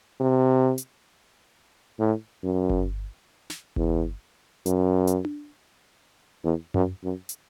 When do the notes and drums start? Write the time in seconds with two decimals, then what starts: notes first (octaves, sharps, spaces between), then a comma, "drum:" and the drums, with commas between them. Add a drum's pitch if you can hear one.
0.20 C3
0.78 drum: hi-hat
1.99 A2
2.44 F#2
2.70 drum: kick G1
3.50 drum: snare
3.76 E2, drum: kick G1
4.66 F#2, drum: hi-hat
5.07 drum: hi-hat
5.25 drum: tom D4
6.44 E2
6.74 F#2, drum: tom F#2
7.04 F#2
7.29 drum: hi-hat